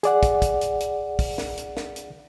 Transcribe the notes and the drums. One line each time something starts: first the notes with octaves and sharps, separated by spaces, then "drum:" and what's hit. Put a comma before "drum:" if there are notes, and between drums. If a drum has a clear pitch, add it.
G#4 D5 F#5, drum: hi-hat
drum: kick, hi-hat
drum: kick, hi-hat
drum: hi-hat
drum: hi-hat
drum: kick, open hi-hat
drum: snare
drum: hi-hat
drum: snare
drum: hi-hat